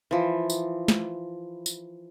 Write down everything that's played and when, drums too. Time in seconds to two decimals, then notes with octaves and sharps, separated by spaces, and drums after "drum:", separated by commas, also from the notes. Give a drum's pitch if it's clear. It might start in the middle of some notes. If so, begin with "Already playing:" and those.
0.11 E3 F3
0.50 drum: tambourine
0.88 drum: snare
1.66 drum: tambourine